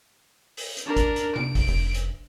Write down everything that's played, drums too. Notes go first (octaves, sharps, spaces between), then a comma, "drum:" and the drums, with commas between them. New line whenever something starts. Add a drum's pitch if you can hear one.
drum: open hi-hat
drum: hi-hat
D4 A#4
drum: kick, hi-hat
drum: hi-hat
D7, drum: tom C3
drum: kick, open hi-hat
F1
drum: hi-hat